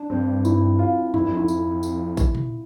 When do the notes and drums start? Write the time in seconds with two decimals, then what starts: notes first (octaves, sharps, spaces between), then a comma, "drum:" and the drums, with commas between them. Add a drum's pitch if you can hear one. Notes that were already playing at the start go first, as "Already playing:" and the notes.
Already playing: D4
0.10 G2 C4
0.45 E4, drum: tambourine
0.79 F4
1.14 F2 E4, drum: tom E2
1.22 G2
1.30 F2
1.37 E4
1.48 drum: tambourine
1.83 drum: tambourine
2.17 drum: kick A1, tambourine
2.35 drum: tom A#2